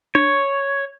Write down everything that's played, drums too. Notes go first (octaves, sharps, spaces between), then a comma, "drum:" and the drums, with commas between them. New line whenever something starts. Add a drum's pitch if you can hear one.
C#5, drum: tom D4